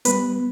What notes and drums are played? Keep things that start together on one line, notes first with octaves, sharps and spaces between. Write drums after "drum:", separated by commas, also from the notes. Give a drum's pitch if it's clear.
G3 B3 B4, drum: hi-hat